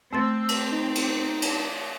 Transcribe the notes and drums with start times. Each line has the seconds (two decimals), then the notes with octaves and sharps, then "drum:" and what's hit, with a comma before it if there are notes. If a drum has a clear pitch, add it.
0.13 A3 C4 C6 E6 A6
0.48 drum: cymbal
0.72 D#4
0.95 drum: cymbal
1.42 drum: cymbal